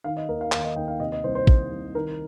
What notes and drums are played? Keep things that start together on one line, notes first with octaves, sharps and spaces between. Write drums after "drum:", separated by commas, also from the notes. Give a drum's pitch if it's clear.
D#3 F5
D#5
D#2 A#4
F5
D#2 F5, drum: clap
D#5
D#2 G5
F5
C3 D#5
D#5
C2 C5
C5
D#3, drum: kick A1
C2
D#3 A#4